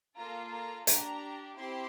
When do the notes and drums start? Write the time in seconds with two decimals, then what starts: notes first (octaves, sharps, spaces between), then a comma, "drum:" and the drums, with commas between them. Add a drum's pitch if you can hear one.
0.17 A#3 F4 A4 A#5
0.53 A#5
0.87 D4 G4 A#5, drum: hi-hat
1.57 C4 E4 G4 C6